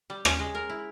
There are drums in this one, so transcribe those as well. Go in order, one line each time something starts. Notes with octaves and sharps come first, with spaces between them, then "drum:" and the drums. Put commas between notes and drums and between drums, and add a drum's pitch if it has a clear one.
G3
C#4, drum: rim click
G#3
A#4
E4